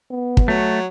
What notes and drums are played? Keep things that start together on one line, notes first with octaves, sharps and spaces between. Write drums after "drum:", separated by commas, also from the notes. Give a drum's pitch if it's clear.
B3
drum: kick
F#3 A3